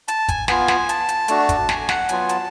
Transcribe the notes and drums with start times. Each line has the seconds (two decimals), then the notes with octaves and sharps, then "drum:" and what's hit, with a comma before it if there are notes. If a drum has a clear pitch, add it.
0.08 A5, drum: hi-hat
0.28 G#5, drum: kick, hi-hat
0.48 B3 F4 G#5, drum: snare
0.68 drum: snare
0.89 A5, drum: hi-hat
1.09 drum: hi-hat
1.28 A3 D4 F#4, drum: hi-hat
1.49 drum: kick, hi-hat
1.69 G#5, drum: snare
1.89 F#5, drum: snare
2.09 F#3 B3 F4 G#5, drum: hi-hat
2.29 A5, drum: hi-hat